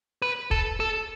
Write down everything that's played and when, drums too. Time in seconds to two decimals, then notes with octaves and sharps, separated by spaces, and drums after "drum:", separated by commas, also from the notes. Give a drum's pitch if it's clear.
0.22 B4
0.51 A4, drum: kick
0.80 A4